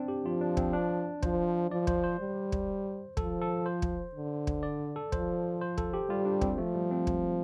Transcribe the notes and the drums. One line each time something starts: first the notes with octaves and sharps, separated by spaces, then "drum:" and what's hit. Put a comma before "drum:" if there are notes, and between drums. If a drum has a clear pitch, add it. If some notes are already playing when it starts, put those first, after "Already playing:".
Already playing: C4 D4
G4
F3 F4
D4
C4, drum: kick
D4
F3 C5, drum: kick
F3 D5
C5, drum: kick
C5
G3
drum: kick
F3 A4, drum: kick
A4
C5
drum: kick
D3
drum: kick
D5
A4
F3 C5, drum: kick
C5
A4, drum: kick
G4
G3 F4
D4
C4, drum: kick
F3 A3
G3
C4
drum: kick